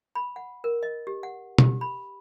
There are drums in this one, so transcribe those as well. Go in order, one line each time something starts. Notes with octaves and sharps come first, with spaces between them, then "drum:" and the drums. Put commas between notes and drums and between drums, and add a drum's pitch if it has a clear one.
B5
F#5
A#4
D#5
G4
F#5
G4, drum: tom
B5